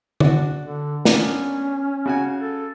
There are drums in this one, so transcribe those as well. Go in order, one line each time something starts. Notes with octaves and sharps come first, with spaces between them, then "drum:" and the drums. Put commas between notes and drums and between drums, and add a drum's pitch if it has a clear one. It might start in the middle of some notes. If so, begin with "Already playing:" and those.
D4 F#4, drum: tom
D3
A#3 B3 C#4 D4, drum: snare
C#3 F#4 G#5
A4